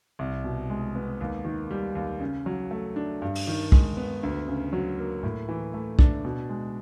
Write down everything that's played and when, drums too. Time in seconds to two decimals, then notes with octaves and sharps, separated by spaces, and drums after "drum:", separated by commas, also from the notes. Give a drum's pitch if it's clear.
0.19 C2
0.44 B2
0.70 G#3
0.95 B3
1.21 D#2
1.45 D#3
1.71 G3
1.95 D#2
2.20 C#3
2.46 F#3
2.71 A3
2.96 D4
3.22 G2
3.35 drum: open hi-hat
3.47 D#3
3.72 G#3, drum: kick B1
3.97 B3
4.23 D2
4.48 C#3
4.73 F#3
4.99 A#3
5.23 A2
5.49 E3
5.74 A3
5.99 D4, drum: kick B1
6.25 B2
6.49 G#3